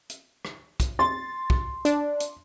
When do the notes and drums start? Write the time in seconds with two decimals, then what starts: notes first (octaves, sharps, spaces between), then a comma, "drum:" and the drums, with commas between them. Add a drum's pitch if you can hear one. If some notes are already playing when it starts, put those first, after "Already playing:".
0.09 drum: hi-hat
0.45 drum: rim click
0.80 drum: kick, hi-hat
0.99 C6 A6
1.50 drum: kick
1.85 D4, drum: hi-hat
2.20 drum: hi-hat